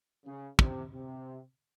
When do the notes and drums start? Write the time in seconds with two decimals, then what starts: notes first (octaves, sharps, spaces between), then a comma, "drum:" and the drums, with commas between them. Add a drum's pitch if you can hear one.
0.25 C#3
0.59 C3, drum: kick
0.93 C3